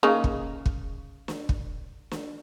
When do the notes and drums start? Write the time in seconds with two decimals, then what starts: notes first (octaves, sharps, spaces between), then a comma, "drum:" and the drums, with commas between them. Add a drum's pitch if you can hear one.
0.03 C#3 A#3 D#4
0.24 drum: kick
0.66 drum: kick
1.28 drum: snare
1.49 drum: kick
2.11 drum: snare